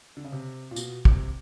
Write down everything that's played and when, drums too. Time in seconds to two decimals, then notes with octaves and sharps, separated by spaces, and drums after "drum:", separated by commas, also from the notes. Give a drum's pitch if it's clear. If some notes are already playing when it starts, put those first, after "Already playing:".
0.17 D3
0.24 C#3
0.32 C3
0.71 A#2
0.76 B2, drum: tambourine
1.05 C3, drum: kick